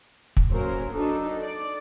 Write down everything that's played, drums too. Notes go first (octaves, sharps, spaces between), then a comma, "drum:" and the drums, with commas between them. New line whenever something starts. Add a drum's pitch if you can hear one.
drum: kick
F#3 A#3 C#4 A#4 C5
D4 D#4 F#4 A4
D5